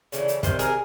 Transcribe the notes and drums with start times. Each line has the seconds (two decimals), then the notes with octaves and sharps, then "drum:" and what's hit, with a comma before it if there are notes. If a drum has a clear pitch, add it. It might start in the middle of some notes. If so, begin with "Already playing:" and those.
0.12 C#3 E3 A3, drum: hi-hat
0.28 drum: hi-hat
0.43 C3 D#3 C5, drum: kick, hi-hat
0.59 G#4 A#4, drum: hi-hat